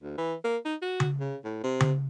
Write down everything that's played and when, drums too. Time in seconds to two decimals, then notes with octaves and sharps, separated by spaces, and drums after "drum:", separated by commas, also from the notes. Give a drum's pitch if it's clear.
0.03 D2
0.17 E3
0.44 A#3
0.65 D#4
0.82 F#4
1.00 drum: tom C#3
1.20 C#3
1.44 A2
1.63 C3
1.80 drum: tom C#3